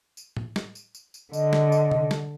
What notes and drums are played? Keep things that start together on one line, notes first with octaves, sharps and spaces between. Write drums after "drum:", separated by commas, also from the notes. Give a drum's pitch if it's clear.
drum: tambourine
drum: tom A2
drum: snare
drum: tambourine
drum: tambourine
drum: tambourine
D3 D#5, drum: tambourine
drum: snare
drum: tambourine
drum: tom C3
drum: snare